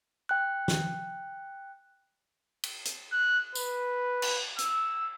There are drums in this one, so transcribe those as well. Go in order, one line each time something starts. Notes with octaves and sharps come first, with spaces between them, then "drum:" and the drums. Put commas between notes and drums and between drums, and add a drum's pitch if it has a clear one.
G5 F#6
drum: snare
drum: cymbal
drum: hi-hat
F#6
B4, drum: tambourine
drum: cymbal
E6, drum: hi-hat